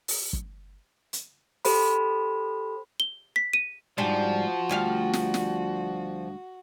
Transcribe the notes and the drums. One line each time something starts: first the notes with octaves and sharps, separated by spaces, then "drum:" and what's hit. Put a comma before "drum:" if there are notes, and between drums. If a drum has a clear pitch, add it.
drum: open hi-hat
drum: kick
drum: hi-hat
G4 A4 C5 B5, drum: open hi-hat
G7
B6
D#7
G#2 F3 G3 D4 F#4
D2 G3 F5
drum: snare
drum: snare